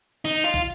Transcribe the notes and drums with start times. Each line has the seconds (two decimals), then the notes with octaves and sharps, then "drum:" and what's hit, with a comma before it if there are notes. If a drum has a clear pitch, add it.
0.25 D#4, drum: snare
0.44 F4
0.54 drum: kick